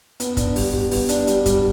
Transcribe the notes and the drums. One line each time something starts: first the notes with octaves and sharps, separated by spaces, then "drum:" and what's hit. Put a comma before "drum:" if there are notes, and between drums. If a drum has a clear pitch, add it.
B3, drum: hi-hat
D4, drum: kick, hi-hat
G3, drum: open hi-hat
G3, drum: kick
B3, drum: open hi-hat
D4, drum: hi-hat
G3, drum: hi-hat
G3, drum: kick, hi-hat